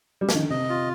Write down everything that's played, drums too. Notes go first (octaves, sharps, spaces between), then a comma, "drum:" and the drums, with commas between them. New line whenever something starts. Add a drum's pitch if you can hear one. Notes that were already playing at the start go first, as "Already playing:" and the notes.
G3
F3, drum: snare
D#3
D3
C3 D#5
F4